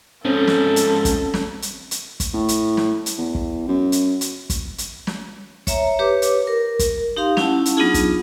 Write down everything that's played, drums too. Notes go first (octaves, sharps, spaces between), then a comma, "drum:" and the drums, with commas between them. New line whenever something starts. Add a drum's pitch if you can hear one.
G#2 F3 C4 C#4 A4
drum: snare
drum: hi-hat
drum: kick, hi-hat
drum: snare
drum: hi-hat
drum: hi-hat
drum: kick, hi-hat
A2
drum: hi-hat
drum: snare
drum: hi-hat
E2
drum: kick
F#2
drum: hi-hat
drum: hi-hat
drum: kick, hi-hat
drum: hi-hat
drum: snare
C#5 E5 A#5, drum: kick, hi-hat
G4 B4 C#5 D6
drum: hi-hat
A#4
drum: kick, hi-hat
D#4 G4 F5 C6
C#4 E4 F#5 A5, drum: snare
drum: hi-hat
F#3 B3 D4 D#4 F4 G#4
drum: kick, hi-hat